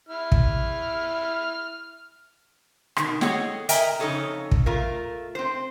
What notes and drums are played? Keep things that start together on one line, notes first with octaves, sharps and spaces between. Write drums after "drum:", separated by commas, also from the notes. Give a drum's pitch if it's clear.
E4 F6
drum: kick
B2 D#3, drum: rim click
G#4 A4 C#5 D#5 F#5 G5, drum: snare
A#4 D#5 E5 G5 G#5 A#5, drum: hi-hat
F2 C#3 D#4 A4 C#5 D#5
drum: kick
A3 F4 A#4
C4 C5